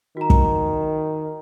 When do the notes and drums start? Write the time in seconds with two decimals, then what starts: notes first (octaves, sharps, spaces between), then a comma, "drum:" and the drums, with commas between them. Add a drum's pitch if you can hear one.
0.17 D#3 F#4 A#5
0.30 drum: kick